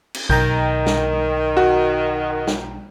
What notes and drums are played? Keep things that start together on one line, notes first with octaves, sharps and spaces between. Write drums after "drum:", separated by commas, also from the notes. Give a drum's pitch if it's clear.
drum: cymbal
B1 D#3 G5 A#5 G6, drum: kick A#1
drum: snare
F#4
drum: snare